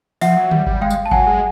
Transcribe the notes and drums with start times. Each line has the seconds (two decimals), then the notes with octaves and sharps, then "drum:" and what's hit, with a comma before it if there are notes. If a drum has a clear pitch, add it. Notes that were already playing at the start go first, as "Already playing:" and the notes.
0.21 F3 E5 F#5, drum: open hi-hat
0.37 F#3
0.51 G3, drum: tom D3
0.66 G3, drum: kick G1
0.81 G#3 F5 G5
0.90 drum: tambourine
1.06 A5
1.11 F#3 F#5 G#5, drum: kick G1
1.27 G#3